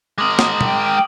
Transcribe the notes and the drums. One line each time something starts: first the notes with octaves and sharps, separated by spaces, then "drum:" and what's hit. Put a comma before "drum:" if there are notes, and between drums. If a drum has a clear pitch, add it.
G#3 A#4 D6 D#6 F#7
drum: snare
G5, drum: tom